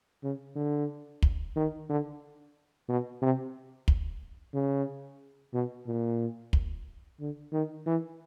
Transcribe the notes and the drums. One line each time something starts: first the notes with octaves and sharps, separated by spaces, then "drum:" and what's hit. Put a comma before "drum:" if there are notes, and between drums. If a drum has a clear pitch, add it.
C#3
D3
drum: kick
D#3
D3
B2
C3
drum: kick
C#3
B2
A#2
drum: kick
D3
D#3
E3